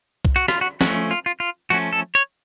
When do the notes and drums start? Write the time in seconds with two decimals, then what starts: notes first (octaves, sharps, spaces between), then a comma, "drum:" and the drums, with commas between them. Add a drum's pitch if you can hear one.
0.25 drum: kick B1
0.36 F#4
0.48 F4, drum: rim click
0.61 F#4
0.81 F3 A3 C#4 F#4, drum: snare
1.11 F4
1.26 F4
1.40 F4
1.70 F3 A3 C#4 F#4
1.93 A4
2.15 C#5